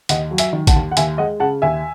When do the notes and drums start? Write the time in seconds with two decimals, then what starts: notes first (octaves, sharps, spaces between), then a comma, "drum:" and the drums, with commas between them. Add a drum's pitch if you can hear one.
0.09 D#2 D#5 F#5, drum: hi-hat
0.31 F#3
0.38 E5 G#5, drum: hi-hat
0.53 D#3
0.67 F#5 A5, drum: kick, hi-hat
0.76 D#2
0.91 F#5
0.97 D#2 E5 G#5, drum: hi-hat
1.18 G#3 D#5 F#5
1.40 C#3 F#5 A5
1.62 D#2 E5 G#5